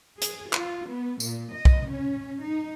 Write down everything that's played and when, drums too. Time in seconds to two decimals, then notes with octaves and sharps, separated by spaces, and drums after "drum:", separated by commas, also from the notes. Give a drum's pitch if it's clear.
0.22 G#4, drum: hi-hat
0.53 F4, drum: clap
0.88 B3
1.20 A#2, drum: tambourine
1.55 D#5
1.65 drum: kick B1
1.89 C#4
2.43 D#4